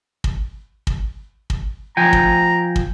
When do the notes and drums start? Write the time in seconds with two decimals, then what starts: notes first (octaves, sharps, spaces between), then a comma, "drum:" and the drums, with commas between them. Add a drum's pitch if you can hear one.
0.24 drum: kick
0.87 drum: kick
1.50 drum: kick
1.97 F3 G5 G#5 A#5
2.13 drum: kick
2.76 drum: kick